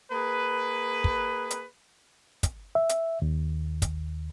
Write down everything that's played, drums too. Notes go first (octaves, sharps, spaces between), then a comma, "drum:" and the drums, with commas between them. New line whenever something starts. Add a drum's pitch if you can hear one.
A#3 G#4 B4
drum: kick
drum: hi-hat
drum: kick, hi-hat
E5
drum: hi-hat
D#2
drum: kick, hi-hat